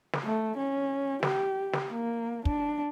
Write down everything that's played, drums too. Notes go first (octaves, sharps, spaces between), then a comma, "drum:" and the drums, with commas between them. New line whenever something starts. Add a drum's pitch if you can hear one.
drum: snare
A3
C#4
G4, drum: snare
drum: snare
A#3
D4, drum: kick